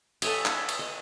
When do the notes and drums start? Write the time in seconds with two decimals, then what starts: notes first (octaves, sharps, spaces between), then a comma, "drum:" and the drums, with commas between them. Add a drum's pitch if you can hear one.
0.22 A4 C#5 E5 G#5, drum: cymbal
0.45 drum: clap
0.69 drum: cymbal
0.79 D#5